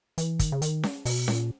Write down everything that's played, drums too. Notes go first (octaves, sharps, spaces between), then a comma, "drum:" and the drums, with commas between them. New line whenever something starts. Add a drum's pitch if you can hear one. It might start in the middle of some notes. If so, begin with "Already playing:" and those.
E3, drum: hi-hat
D#3, drum: kick, hi-hat
C#3
D#3, drum: hi-hat
drum: snare C#4
B2, drum: open hi-hat
A#2, drum: snare C#4